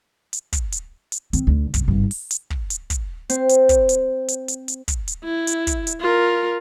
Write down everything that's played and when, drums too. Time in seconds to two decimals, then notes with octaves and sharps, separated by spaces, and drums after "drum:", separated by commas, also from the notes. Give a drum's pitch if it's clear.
0.33 drum: hi-hat
0.53 drum: kick, hi-hat
0.72 drum: hi-hat
1.12 drum: hi-hat
1.33 D#3 C4, drum: hi-hat
1.47 D2
1.74 F#2 C3, drum: kick, hi-hat
1.88 G#1 G2
2.11 drum: open hi-hat
2.31 drum: hi-hat
2.50 drum: kick
2.70 drum: hi-hat
2.90 drum: kick, hi-hat
3.30 C4, drum: hi-hat
3.49 drum: hi-hat
3.69 drum: kick, hi-hat
3.89 drum: hi-hat
4.28 drum: hi-hat
4.48 drum: hi-hat
4.68 drum: hi-hat
4.88 drum: kick, hi-hat
5.08 drum: hi-hat
5.24 E4
5.47 drum: hi-hat
5.67 drum: kick, hi-hat
5.87 drum: hi-hat
6.01 F4 A#4